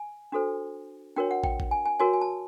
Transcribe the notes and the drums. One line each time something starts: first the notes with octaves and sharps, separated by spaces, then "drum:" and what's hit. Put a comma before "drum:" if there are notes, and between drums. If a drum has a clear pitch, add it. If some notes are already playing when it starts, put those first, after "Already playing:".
Already playing: G#5
D4 F#4 A4 C5
D4 F#4 A#4 C#5 G5
F#5
G5, drum: kick
drum: kick
G#5
G#5
F#4 A#4 C#5 G#5
G#5
A5